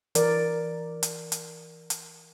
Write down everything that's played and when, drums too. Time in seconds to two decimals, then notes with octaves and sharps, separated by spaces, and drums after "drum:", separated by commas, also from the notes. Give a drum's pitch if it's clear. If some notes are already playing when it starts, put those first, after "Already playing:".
0.15 E3 A#4 D5, drum: hi-hat
1.03 drum: hi-hat
1.32 drum: hi-hat
1.90 drum: hi-hat